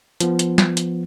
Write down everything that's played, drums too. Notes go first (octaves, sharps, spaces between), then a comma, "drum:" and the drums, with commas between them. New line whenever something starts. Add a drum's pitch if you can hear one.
F3 B3, drum: hi-hat
drum: hi-hat
drum: snare
drum: hi-hat